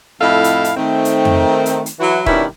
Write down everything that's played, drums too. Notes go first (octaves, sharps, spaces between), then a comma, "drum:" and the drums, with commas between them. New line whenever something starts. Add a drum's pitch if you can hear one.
F2 A2 E4 A4 D#5 F5
drum: hi-hat
drum: hi-hat
D#3 A3 C4
drum: hi-hat
drum: tom
drum: hi-hat
drum: hi-hat
E3 F#3 E4 F#4
B2 D#3 G3 C#4 D4 E4, drum: kick D#1